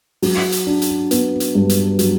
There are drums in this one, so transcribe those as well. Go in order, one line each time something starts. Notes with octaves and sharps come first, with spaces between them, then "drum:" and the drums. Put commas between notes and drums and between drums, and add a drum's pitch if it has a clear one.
F#3, drum: open hi-hat
drum: hi-hat
D4
drum: hi-hat
B3, drum: hi-hat
drum: hi-hat
G2
drum: hi-hat
F#3, drum: hi-hat